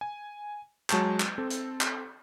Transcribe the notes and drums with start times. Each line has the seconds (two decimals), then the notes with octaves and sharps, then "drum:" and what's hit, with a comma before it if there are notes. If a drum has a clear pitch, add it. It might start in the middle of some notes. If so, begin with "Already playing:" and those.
0.01 G#5
0.90 F#3 G#3 A5 C#6 G6, drum: clap
1.20 drum: clap
1.38 C4 A4
1.50 drum: hi-hat
1.81 drum: clap